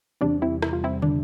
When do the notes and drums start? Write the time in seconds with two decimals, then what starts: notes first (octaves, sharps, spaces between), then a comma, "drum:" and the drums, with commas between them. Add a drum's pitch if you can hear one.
0.21 E2 C3 G3 C4 D4
0.42 C4 E4
0.62 E4, drum: rim click
0.73 F4
0.84 C4 E4
1.02 D4, drum: tom